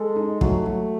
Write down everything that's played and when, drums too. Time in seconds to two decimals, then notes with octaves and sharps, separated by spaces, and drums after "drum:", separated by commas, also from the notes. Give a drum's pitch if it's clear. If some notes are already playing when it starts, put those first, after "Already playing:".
Already playing: G#3 A4
0.16 D#4
0.41 F#3 A3, drum: kick
0.66 F#3